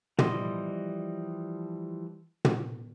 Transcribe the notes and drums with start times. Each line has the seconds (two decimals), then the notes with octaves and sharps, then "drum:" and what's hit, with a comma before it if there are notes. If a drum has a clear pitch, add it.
0.19 E3 F3 G3 D#5 C6, drum: tom
2.45 drum: tom